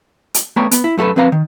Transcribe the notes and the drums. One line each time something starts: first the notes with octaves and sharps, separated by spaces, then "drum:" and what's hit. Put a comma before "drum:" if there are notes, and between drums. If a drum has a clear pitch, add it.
drum: hi-hat
A3 B3 B4 C#5 G5 A#5
B3, drum: hi-hat
E4
F#2 A3 E4 A4 B4
F2 C4 B4 F5 A#5
D#3